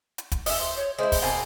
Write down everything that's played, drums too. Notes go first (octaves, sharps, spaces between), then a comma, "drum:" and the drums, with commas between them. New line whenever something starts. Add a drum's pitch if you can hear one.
drum: hi-hat
drum: kick, hi-hat
D#5 E5, drum: open hi-hat
C5
C#5
G#3 E4 C5
drum: kick, open hi-hat
B2 A#3 C4 G#5